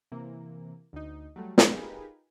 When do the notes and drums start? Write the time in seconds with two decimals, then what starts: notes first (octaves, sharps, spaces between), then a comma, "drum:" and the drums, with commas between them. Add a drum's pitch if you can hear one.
0.12 C3 E3 A#3
0.93 D2 D#4
1.36 F#3 G3 A3
1.58 D#4 F4 G4 G#4 A#4 B4, drum: snare